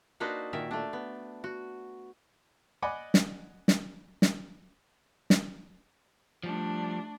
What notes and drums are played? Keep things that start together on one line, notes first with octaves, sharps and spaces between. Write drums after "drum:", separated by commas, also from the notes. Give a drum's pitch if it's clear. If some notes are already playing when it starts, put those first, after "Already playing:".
A#3 D4 D#4 F#4 B4 C5
A#2 D#3 E5
A3 D4
B3
F#4
D5 D#5 F#5 G#5 B5 D6
drum: snare
drum: snare
drum: snare
drum: snare
F3 G3 A3 D4